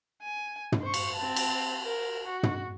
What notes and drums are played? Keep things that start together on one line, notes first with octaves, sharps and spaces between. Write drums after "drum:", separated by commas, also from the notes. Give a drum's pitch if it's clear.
G#5
drum: tom
C5 C#6
drum: cymbal
C4 A5
drum: cymbal
A#4
F#4
drum: tom